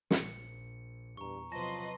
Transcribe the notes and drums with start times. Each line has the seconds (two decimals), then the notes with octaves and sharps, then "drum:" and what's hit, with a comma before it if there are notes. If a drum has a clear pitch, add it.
0.11 A#1 C#7, drum: snare
1.17 E2 G2 A#2 A#5 C#6
1.52 C3 F3 F#3 B4 D#5 A5 C6 A#6